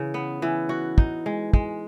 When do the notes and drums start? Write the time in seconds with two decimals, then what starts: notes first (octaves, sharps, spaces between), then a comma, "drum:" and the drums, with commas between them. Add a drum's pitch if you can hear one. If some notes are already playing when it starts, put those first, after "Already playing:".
Already playing: C#3 E3
0.14 B3
0.42 E3
0.69 F#4
0.98 D#4, drum: kick
1.26 G#3
1.53 G#3, drum: kick